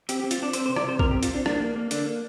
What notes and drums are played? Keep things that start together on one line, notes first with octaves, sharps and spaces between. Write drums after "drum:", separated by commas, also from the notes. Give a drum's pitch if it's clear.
C4 G4, drum: hi-hat
G4
C4
F4, drum: hi-hat
C4 D4
C4 C5, drum: hi-hat
C5
C3
D5, drum: rim click
C3 C5
C3 A#4, drum: kick
G4
C4
F4, drum: hi-hat
C4 D4
A#3 D4, drum: rim click
A#3
A#3
D3 D4, drum: hi-hat
A#3